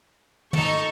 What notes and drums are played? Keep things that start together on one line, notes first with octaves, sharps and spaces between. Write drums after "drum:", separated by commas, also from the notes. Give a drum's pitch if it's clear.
D#4 A4 C#6, drum: tom